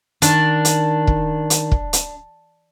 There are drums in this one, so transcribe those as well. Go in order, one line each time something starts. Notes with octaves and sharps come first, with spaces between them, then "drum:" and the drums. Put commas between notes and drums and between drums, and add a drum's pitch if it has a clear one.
D#3 D4, drum: hi-hat
drum: hi-hat
drum: kick
drum: hi-hat
drum: kick
drum: hi-hat